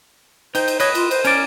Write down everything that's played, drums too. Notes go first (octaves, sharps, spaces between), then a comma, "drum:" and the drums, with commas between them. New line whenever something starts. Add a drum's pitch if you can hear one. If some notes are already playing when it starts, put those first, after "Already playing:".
D#4 C5 G5, drum: cymbal
drum: cymbal
B4 C#5 D#5, drum: cymbal
F4, drum: cymbal
C5, drum: cymbal
C#4 A#4 D5, drum: cymbal